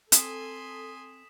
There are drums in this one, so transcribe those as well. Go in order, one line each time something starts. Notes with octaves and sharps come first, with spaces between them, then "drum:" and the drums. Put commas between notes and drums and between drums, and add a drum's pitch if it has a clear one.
C4 A4 G#5 C6 D#6 B6 E7, drum: hi-hat